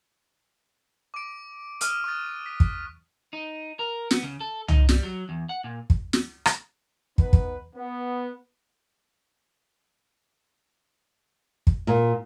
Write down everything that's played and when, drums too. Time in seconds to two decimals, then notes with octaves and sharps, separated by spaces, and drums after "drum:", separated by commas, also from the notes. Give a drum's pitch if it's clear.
1.14 D6 D7
1.81 D6 D#6 F6 D#7, drum: hi-hat
2.04 C#6 D#6 F#6 A6
2.46 B6
2.60 drum: kick
3.33 D#4
3.79 A#4
4.11 B3, drum: snare
4.23 C#3
4.40 A4
4.68 D#4, drum: tom
4.89 G3, drum: snare
5.03 F#3
5.29 E2
5.49 F#5
5.64 A#2
5.90 drum: kick
6.13 drum: snare
6.46 drum: rim click
7.18 B3 D#4 B4, drum: kick
7.33 drum: kick
7.75 B3
11.67 drum: kick
11.87 A#2